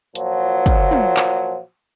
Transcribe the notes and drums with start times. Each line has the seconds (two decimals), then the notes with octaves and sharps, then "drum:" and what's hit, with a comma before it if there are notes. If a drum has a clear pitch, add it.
0.15 A#2 F3 F#3, drum: hi-hat
0.66 drum: kick, hi-hat
0.91 drum: tom
1.17 drum: clap